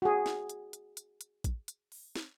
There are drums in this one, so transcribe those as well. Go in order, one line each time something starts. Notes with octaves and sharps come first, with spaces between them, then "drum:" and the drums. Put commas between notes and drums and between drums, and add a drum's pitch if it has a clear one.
F#4 G#4
drum: snare
drum: hi-hat
drum: hi-hat
drum: hi-hat
drum: hi-hat
drum: kick, hi-hat
drum: hi-hat
drum: open hi-hat
drum: snare